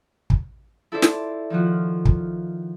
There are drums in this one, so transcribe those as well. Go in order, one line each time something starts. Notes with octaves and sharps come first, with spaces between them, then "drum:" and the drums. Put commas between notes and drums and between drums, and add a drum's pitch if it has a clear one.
drum: kick
E4 A4 C5 D5 E5
drum: snare
D#3 F3 F#4
drum: kick